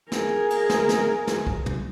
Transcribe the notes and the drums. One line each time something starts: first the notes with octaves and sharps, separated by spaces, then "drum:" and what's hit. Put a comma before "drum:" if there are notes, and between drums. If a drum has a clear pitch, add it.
G#4 A#4, drum: snare
drum: cymbal
drum: snare
drum: snare
drum: snare
drum: kick
drum: tom